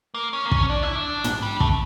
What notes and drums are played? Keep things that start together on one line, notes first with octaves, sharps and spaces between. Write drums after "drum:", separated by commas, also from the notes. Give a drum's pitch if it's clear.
A#3
C#4
A#3
C#4, drum: kick
D4
E4
D4
drum: tom
G3
A3, drum: kick